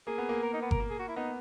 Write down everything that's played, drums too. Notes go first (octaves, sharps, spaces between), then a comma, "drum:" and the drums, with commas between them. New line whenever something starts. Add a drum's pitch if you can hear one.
A#3 G#4
B3
A#3
A#4
D#4
B3
A#4, drum: kick G1
A#3
G#4
F#4
E4
B3 D#4